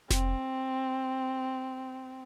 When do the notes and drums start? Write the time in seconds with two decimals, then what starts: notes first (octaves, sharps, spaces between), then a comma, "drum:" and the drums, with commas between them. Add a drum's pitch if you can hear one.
0.11 C4, drum: snare F1